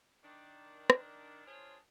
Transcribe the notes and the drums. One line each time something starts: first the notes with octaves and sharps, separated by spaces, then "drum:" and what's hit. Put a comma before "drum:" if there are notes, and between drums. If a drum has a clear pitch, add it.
D#3 D4
drum: rim click
D4 F4 G#4 A#4 C5 C#5